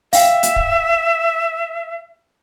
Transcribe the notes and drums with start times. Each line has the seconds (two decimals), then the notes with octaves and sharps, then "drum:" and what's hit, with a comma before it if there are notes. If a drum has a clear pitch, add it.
0.13 E5 F5 G5, drum: open hi-hat
0.43 drum: hi-hat
0.56 drum: kick